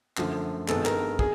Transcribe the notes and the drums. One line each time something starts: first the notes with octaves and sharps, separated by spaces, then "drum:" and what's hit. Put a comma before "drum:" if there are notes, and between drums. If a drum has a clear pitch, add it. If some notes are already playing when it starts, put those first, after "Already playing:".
F#2 D3 F3 A3, drum: clap
G#1 G2 D#3 G#3 B3 A4, drum: clap
A#4, drum: clap
G#4, drum: kick